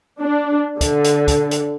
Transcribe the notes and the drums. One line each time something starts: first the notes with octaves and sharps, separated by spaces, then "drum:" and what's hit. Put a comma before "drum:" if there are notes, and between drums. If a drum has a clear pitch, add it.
D4
D3, drum: kick, hi-hat
drum: hi-hat
drum: kick, hi-hat
drum: hi-hat